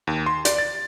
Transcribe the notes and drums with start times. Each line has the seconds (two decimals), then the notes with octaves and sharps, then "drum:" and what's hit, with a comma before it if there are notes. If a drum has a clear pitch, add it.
0.07 D#2
0.26 C6
0.45 D5, drum: hi-hat
0.59 A6